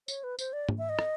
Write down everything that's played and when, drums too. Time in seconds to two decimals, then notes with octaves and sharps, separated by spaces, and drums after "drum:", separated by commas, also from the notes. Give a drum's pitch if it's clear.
0.08 C#5, drum: tambourine
0.24 B4
0.39 C5, drum: tambourine
0.53 D5
0.69 drum: tom
0.78 E5
0.89 D#5
0.99 drum: rim click